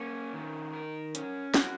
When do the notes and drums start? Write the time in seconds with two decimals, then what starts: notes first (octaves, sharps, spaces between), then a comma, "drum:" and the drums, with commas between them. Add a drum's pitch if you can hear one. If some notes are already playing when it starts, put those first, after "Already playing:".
Already playing: A#3 C#4
0.34 D#3
0.73 A#4
1.15 C#4, drum: hi-hat
1.54 F#4, drum: snare